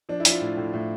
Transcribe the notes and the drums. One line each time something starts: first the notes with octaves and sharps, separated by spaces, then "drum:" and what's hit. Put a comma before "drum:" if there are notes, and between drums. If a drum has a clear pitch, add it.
F3 D4
E4
F3, drum: hi-hat
F4
A2
A2
A2